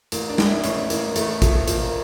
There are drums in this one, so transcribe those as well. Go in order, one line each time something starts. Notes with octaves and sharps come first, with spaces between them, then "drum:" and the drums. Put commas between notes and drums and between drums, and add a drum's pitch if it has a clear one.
A1 A#3, drum: hi-hat
D4
A1, drum: snare
E4
A1 C#4, drum: hi-hat
A1 A#3, drum: hi-hat
A1 A3, drum: hi-hat
F3 A3, drum: kick G#1, hi-hat
F3 A#3, drum: hi-hat